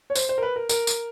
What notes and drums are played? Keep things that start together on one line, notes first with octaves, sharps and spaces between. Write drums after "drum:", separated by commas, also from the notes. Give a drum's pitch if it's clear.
C#5
C5, drum: tambourine
C5
A#4
B4
A#4
A#4, drum: tambourine
drum: tambourine